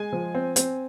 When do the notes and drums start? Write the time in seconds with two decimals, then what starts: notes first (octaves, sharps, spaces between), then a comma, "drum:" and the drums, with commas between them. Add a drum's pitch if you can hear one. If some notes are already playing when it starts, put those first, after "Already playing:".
Already playing: G#3 G#5
0.13 F3
0.34 C4
0.56 C4, drum: hi-hat